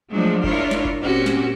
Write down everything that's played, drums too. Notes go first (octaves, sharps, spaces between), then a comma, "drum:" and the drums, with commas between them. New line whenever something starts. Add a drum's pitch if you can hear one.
F3 F#3 G#3 A3 D4
D4 E4 F4 A#4 C#5, drum: kick F#1
drum: snare
drum: kick F#1
A#2 C4 C#4 F#4 G4
drum: snare